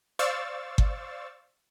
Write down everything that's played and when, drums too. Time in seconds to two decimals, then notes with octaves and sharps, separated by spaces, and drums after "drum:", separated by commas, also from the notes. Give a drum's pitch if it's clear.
0.19 C5 D5 F5 C#6 E6 A6
0.78 drum: kick G1